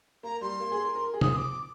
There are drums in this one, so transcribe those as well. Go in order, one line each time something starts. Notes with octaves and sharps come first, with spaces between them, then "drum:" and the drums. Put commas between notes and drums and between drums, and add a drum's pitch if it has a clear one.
A#3 A#5
G3 C6
A#3
G#4
A#4
A#4
G#4
D#6, drum: tom
D#6
D6